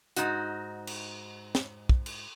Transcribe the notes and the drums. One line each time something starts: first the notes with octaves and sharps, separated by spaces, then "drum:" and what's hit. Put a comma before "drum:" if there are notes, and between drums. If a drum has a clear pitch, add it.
G#2 D#4 F#4, drum: hi-hat
drum: cymbal
drum: snare
drum: kick
drum: cymbal